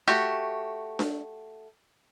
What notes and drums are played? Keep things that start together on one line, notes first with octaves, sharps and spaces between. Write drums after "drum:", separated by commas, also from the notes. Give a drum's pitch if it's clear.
A3 F#4 G4
drum: snare D4